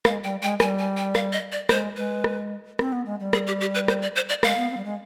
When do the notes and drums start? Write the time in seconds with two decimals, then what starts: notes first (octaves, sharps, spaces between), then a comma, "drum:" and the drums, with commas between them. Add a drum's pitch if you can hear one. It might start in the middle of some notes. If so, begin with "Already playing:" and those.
0.05 G#3 F5, drum: rim click
0.23 G3 G5
0.42 G#3 G5
0.60 G3 G#5, drum: rim click
0.79 G#5
0.97 G5
1.15 F5, drum: rim click
1.33 D#5
1.52 D5
1.69 G#3 C5, drum: rim click
1.96 G#3 B4
2.24 drum: rim click
2.79 C4, drum: rim click
2.92 B3
3.06 G#3
3.20 G3
3.33 G#4, drum: rim click
3.47 G4
3.61 G4
3.75 B4
3.88 C5, drum: rim click
4.02 D5
4.16 C5
4.29 D5
4.43 G#3 F5, drum: rim click
4.57 B3
4.71 C4
4.77 G3
4.85 G#3